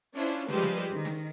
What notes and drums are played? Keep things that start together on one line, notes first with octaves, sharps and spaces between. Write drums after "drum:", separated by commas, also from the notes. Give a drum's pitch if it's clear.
C#4 D4 E4 F4 C5
F3 G3 G#3 G4 B4 C5, drum: snare
drum: snare
drum: hi-hat
D#3
drum: snare